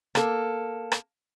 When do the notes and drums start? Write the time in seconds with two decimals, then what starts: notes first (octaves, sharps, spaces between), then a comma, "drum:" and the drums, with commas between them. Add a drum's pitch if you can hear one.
0.15 A#3 A4, drum: rim click
0.92 drum: rim click